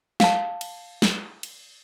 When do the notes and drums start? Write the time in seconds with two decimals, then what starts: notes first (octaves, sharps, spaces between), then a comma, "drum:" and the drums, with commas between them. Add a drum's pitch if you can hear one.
0.20 F5 A5, drum: snare
0.61 drum: cymbal
1.02 drum: snare
1.43 drum: cymbal